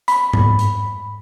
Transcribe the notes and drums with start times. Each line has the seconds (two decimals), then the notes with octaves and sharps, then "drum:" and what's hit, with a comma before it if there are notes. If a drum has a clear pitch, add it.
0.08 B5, drum: hi-hat
0.33 drum: tom G#2
0.59 drum: hi-hat